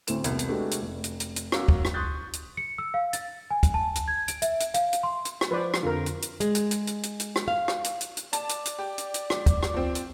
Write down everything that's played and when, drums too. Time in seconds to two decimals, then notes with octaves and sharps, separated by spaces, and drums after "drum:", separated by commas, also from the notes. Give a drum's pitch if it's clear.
0.07 D2 A2 C4 E7, drum: hi-hat
0.24 E1 C2 B2 G#6, drum: hi-hat
0.39 drum: hi-hat
0.49 G#3 A3 B3 D4 F#4 G4
0.71 drum: hi-hat
0.82 F1
1.04 drum: hi-hat
1.20 drum: hi-hat
1.36 drum: hi-hat
1.52 C#4 F#4 A#4 F5 D6 E6, drum: rim click
1.69 drum: kick
1.85 drum: rim click
1.94 C6 C#6 D#6 F#6 G6 A6
2.33 drum: hi-hat
2.57 C#7
2.78 E6
2.94 F5
3.13 A6, drum: hi-hat
3.51 G#5
3.63 drum: kick, hi-hat
3.74 A5
3.95 drum: hi-hat
4.08 G#6
4.28 D7, drum: hi-hat
4.42 E5, drum: hi-hat
4.60 drum: hi-hat
4.74 F5, drum: hi-hat
4.93 drum: hi-hat
5.03 C6
5.25 drum: hi-hat
5.41 drum: rim click
5.51 F3 B4 C5 D5
5.74 drum: rim click
5.83 F2 D3 F4 A#4
6.06 drum: hi-hat
6.22 drum: hi-hat
6.40 G#3, drum: hi-hat
6.55 drum: hi-hat
6.71 drum: hi-hat
6.87 drum: hi-hat
7.03 drum: hi-hat
7.20 drum: hi-hat
7.36 drum: rim click
7.48 F5
7.68 drum: rim click
7.84 drum: hi-hat
8.01 drum: hi-hat
8.17 drum: hi-hat
8.33 D5 A5, drum: hi-hat
8.49 drum: hi-hat
8.65 drum: hi-hat
8.79 G4
8.98 drum: hi-hat
9.14 drum: hi-hat
9.30 drum: rim click
9.46 drum: kick, hi-hat
9.63 drum: rim click
9.74 F3 C4
9.95 drum: hi-hat